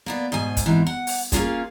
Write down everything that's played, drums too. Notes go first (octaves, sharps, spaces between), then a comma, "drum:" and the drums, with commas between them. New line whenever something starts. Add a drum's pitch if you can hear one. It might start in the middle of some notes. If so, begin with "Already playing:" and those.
A#3 B3 D5
G#2 B2 C5 G#5
drum: kick, hi-hat
G#2 C3 E3
F#5
drum: open hi-hat
A#3 C#4 D4 F4 G#4, drum: kick, hi-hat